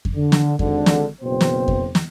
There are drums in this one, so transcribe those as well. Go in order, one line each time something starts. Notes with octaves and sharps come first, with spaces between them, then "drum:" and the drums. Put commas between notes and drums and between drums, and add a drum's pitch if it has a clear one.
drum: kick F2
D3
drum: snare
G#1 D3, drum: kick F2
drum: snare
F#1 B2 C4 C5
drum: snare
drum: kick F2
drum: snare